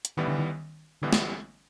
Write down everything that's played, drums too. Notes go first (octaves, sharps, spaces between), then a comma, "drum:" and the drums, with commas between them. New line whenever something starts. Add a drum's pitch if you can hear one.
drum: hi-hat
A1 A2 D#3 E3 G3 B3
D3
D#3
A1 A2 D3 E3 G3 B3
drum: snare